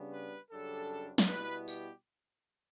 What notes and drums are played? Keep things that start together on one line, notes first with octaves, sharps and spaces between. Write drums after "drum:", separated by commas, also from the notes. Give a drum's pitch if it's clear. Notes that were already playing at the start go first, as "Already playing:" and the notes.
Already playing: C#3 G3 B3 D4
B4
F#2 C#3 G3 D4 A4
drum: snare
B2 G3 B3 E4 B4
G4, drum: tambourine